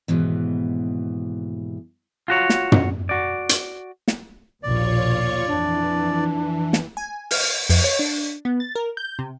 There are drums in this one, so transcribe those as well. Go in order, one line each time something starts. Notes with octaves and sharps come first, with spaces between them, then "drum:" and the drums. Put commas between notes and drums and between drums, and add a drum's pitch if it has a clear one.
D#2 G#2 B2 E3
F4 F#4 C#5
drum: snare
drum: tom
F#4 D5
drum: hi-hat
drum: snare
A#1 D#2 B2 F4 C#5 D5 C#6
F2 E3 D4
drum: snare
G#5
F6, drum: open hi-hat
F2, drum: open hi-hat
C#5
D4
B3
A6
A#4
G6
C3